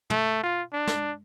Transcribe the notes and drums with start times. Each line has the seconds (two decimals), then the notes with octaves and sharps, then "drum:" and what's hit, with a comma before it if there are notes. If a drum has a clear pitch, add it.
0.10 A3, drum: tom
0.43 F4
0.73 D4
0.87 drum: snare